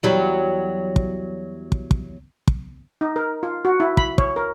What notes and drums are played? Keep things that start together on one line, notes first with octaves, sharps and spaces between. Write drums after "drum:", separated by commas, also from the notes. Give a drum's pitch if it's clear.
E2 F#3 G3
drum: kick
drum: kick
drum: kick
drum: kick
D#4
A#4
F4
F#4
E4
B5, drum: kick
C#5, drum: kick
A#4